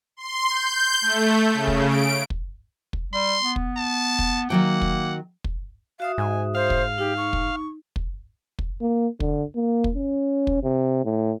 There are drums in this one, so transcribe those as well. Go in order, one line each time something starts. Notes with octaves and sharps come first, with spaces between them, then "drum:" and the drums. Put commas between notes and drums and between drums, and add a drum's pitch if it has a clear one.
C6
G6
A3
C#3
drum: kick
D7
drum: kick
drum: kick
G3 C6
B3
drum: kick
A5
drum: kick
D#3 F#3 A#3 F#5 G5
drum: kick
drum: kick
F#4 E5 F5 D#6
G#2 G#5
C5 F5
drum: kick
D#4 G4
C#6
drum: kick
drum: kick
drum: kick
A#3
D3, drum: kick
A#3
drum: kick
C#4
drum: kick
C3
A2